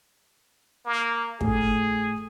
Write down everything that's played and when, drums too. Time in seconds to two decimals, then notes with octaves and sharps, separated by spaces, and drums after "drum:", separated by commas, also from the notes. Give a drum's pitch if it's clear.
0.86 A#3
1.41 A2 A3 G#4, drum: kick